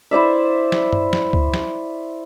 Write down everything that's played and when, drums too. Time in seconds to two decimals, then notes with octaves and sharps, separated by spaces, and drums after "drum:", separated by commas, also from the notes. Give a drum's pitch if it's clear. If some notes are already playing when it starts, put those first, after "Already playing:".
0.11 E4 C5 D5 E5
0.72 drum: snare
0.93 drum: tom
1.13 drum: snare
1.33 drum: kick C#2
1.54 drum: snare